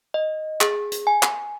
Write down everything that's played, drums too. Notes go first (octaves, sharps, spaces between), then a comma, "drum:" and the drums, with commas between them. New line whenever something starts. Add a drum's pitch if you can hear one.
D#5
G#4, drum: clap
drum: hi-hat
G#5
drum: clap